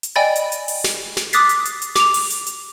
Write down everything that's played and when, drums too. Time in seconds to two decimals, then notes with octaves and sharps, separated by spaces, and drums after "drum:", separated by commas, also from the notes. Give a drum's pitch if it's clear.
0.03 drum: hi-hat
0.16 D5 D#5 G5 G#5 B5 A6
0.36 drum: hi-hat
0.52 drum: hi-hat
0.68 drum: open hi-hat
0.84 drum: snare
1.17 drum: snare
1.33 D6 D#6 F#6 A6 B6 C7, drum: hi-hat
1.49 drum: hi-hat
1.65 drum: hi-hat
1.82 drum: hi-hat
1.95 D6 F7, drum: snare
2.14 drum: open hi-hat
2.30 drum: hi-hat
2.47 drum: hi-hat